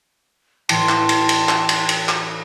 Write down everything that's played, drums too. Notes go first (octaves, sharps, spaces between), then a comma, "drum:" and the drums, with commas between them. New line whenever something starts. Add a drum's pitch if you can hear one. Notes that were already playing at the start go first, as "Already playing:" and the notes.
A2 E3 G5 A5 C6, drum: cymbal
drum: clap
drum: cymbal
drum: cymbal
drum: clap
drum: cymbal
drum: cymbal
drum: clap